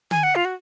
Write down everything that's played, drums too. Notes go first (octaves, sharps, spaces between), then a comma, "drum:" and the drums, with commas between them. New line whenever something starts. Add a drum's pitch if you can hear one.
G#5, drum: tom
F#5
F4
F#4